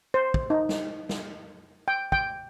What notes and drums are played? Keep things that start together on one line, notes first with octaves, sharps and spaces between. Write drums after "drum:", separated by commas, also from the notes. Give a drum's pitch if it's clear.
C5
drum: kick
D#4
drum: snare
drum: snare
G5
G5, drum: kick